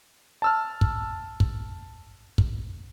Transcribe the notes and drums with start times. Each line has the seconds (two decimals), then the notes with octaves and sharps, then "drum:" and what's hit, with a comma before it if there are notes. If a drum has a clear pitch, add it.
0.42 A5 E6 F6
0.81 drum: kick
1.40 drum: kick
2.38 drum: kick